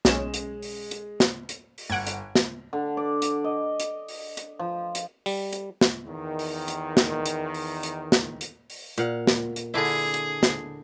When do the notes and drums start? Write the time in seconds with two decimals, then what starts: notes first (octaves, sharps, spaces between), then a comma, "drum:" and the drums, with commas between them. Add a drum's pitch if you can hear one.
0.05 B1 G#3 C#4 E7, drum: snare
0.34 drum: hi-hat
0.63 drum: open hi-hat
0.91 drum: hi-hat
1.20 drum: snare
1.49 drum: hi-hat
1.78 drum: open hi-hat
1.90 G1 F#5 G#6 D7
2.07 drum: hi-hat
2.35 drum: snare
2.73 D3
2.97 D5
3.22 drum: hi-hat
3.44 D#5
3.80 drum: hi-hat
4.08 drum: open hi-hat
4.37 drum: hi-hat
4.59 F3
4.95 drum: hi-hat
5.26 G3, drum: open hi-hat
5.53 drum: hi-hat
5.81 drum: snare
6.06 E2 D#3
6.39 drum: open hi-hat
6.68 drum: hi-hat
6.97 drum: snare
7.26 drum: hi-hat
7.54 drum: open hi-hat
7.83 drum: hi-hat
8.12 drum: snare
8.41 drum: hi-hat
8.70 drum: open hi-hat
8.98 A#2 F5 F#5, drum: hi-hat
9.27 drum: snare
9.56 drum: hi-hat
9.74 D3 D4 E4 G#4
9.85 drum: open hi-hat
10.14 drum: hi-hat
10.43 drum: snare